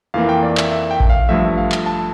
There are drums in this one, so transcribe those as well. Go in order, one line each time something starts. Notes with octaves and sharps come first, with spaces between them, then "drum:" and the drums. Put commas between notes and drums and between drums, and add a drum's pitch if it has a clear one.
F2 E3 A#3 F5
G5
D5
E5, drum: clap
E5
G5
drum: kick A1
F5
G2 F3 A3 E5
F5
drum: clap
A5